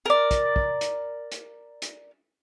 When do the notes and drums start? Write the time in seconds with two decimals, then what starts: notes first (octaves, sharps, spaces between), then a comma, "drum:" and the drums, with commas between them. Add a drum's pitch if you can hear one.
0.06 A#4 D5
0.31 drum: kick, hi-hat
0.56 drum: kick
0.81 drum: hi-hat
1.32 drum: hi-hat
1.82 drum: hi-hat